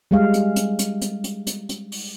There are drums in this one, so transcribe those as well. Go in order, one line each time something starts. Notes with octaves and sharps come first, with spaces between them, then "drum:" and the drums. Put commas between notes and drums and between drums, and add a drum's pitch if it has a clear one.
G3 G#3 F5
drum: hi-hat
drum: hi-hat
drum: hi-hat
drum: hi-hat
drum: hi-hat
drum: hi-hat
drum: hi-hat
drum: open hi-hat